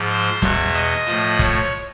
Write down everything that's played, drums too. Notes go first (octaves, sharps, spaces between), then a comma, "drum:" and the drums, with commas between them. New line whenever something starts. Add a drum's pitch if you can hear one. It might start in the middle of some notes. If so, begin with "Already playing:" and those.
Already playing: G#2 F3
C5
E2 B2 E5, drum: snare
D#5, drum: hi-hat
A2 F3, drum: hi-hat
C#5, drum: kick, hi-hat